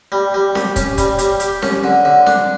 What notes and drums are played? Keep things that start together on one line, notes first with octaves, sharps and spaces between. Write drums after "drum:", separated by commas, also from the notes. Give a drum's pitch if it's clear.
G3
G3
G4, drum: snare C4
C#4, drum: kick, hi-hat
G3, drum: kick, hi-hat
G3, drum: hi-hat
G4, drum: hi-hat
C#4, drum: snare C4
D3
D3
D4, drum: snare C4